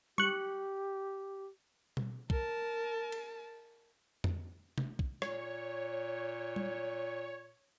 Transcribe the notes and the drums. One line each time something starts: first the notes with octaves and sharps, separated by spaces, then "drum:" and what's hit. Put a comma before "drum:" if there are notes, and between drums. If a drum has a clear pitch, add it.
G4 C#6 F#6, drum: tom G3
drum: tom B2
A#4 A5, drum: kick B1
drum: cymbal
drum: tom F2
drum: tom C3
drum: kick B1
A#2 C#5, drum: rim click
drum: tom G3